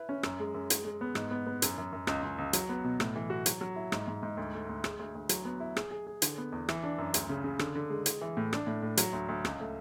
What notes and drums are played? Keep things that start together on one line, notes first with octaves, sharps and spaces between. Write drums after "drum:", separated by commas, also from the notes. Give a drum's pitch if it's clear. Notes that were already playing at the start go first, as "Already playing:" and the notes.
Already playing: E4 B4
C#4
F#2, drum: rim click
G#3
F#2
G#3, drum: hi-hat
G#3
B3
G#2, drum: rim click
B3
B3
F#2, drum: hi-hat
F#2
F#2
C#2, drum: rim click
C#2
C#2
F#3, drum: hi-hat
B3
B2
A2, drum: rim click
E3
F#4
F#3, drum: hi-hat
F#3
E4
G#2, drum: rim click
G#2
G#2
D2
A3
D2
G#3, drum: rim click
D2
D2
F#3, drum: hi-hat
B3
E4
G#4, drum: rim click
G#4
G#4
D3, drum: hi-hat
B3
E2
E3, drum: rim click
D4
F#2
D2, drum: hi-hat
C#3
C#3
D3, drum: rim click
D3
G#3
G#3, drum: hi-hat
E3
A2
D4, drum: rim click
A2
A2
F#3, drum: hi-hat
D2
D2
C#2, drum: rim click
A3